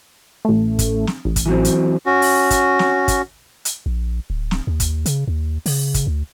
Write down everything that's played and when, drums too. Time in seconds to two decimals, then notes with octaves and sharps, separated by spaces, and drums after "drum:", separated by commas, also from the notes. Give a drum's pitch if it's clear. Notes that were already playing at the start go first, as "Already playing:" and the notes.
0.45 A1 A3
0.79 drum: kick, hi-hat
1.07 drum: snare
1.25 A1
1.36 drum: kick, hi-hat
1.46 E3 F#3 C4
1.65 drum: hi-hat
2.06 C#4 F#4
2.22 drum: open hi-hat
2.51 drum: kick, hi-hat
2.79 drum: snare
3.08 drum: kick, hi-hat
3.65 drum: hi-hat
3.86 A#1
4.30 D1
4.51 drum: snare
4.67 D#2
4.80 drum: kick, hi-hat
5.06 C#3, drum: hi-hat
5.28 D#2
5.66 C#3, drum: open hi-hat
5.94 drum: kick, hi-hat
6.07 D2